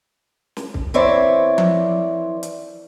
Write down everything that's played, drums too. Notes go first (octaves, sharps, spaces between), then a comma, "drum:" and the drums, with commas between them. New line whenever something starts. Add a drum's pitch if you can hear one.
drum: snare
drum: kick C2
E3 C4 C#5 D5 E5
drum: tom F3
drum: hi-hat